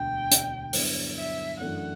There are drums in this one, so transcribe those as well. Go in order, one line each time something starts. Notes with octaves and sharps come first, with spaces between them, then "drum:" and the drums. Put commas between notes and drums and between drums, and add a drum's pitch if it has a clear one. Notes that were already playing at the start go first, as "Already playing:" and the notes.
Already playing: E1 D2 D3 G5
drum: hi-hat
G2 D3 F#3 B3 E4, drum: open hi-hat
E5
F#2 E3 A3 D4 F#5